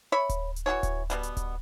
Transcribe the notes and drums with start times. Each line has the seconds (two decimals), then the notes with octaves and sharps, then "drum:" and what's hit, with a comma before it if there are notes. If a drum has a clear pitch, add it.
0.12 C#5 E5 B5
0.29 drum: kick D1, hi-hat
0.56 drum: hi-hat
0.66 E3 F#4 G#4 C#5
0.83 drum: kick D1, hi-hat
1.10 B2 G3 B3, drum: hi-hat
1.23 drum: hi-hat
1.37 drum: kick D1, hi-hat